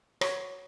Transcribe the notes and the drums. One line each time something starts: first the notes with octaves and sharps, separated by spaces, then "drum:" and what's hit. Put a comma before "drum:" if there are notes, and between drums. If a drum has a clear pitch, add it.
C#5, drum: rim click